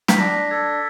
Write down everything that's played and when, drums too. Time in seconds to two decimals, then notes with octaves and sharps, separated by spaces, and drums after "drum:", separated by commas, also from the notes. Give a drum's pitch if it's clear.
0.08 B6, drum: snare
0.18 D4 A#6
0.51 A4 G#6